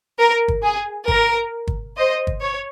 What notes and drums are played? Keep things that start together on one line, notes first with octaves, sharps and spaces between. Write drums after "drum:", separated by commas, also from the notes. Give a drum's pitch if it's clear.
A#4
drum: kick
G#4
A#4, drum: kick
drum: kick
C5 D#5
drum: kick
C#5